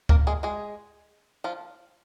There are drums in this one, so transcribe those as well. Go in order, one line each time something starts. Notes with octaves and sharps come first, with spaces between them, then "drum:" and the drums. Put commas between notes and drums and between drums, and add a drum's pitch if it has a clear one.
A#3 A#4, drum: kick D2
G#3 G#4
G#3 G#4
F3 F4